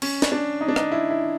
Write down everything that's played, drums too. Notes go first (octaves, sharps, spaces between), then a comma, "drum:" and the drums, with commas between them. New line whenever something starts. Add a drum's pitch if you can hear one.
C#4, drum: cymbal
drum: snare
D4
D#4
D4
D#4, drum: rim click
E4
E4